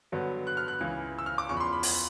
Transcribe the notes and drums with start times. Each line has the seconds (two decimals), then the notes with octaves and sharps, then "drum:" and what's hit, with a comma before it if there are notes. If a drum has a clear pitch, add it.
0.12 G2 D3 F#3 B3
0.47 F#6
0.57 F6
0.68 F#6
0.80 C#2 C#3 E3
1.19 E6
1.26 F6
1.38 D6
1.49 E2 C#3 F3 C#6
1.57 B5
1.60 C6
1.73 B5
1.83 B5, drum: open hi-hat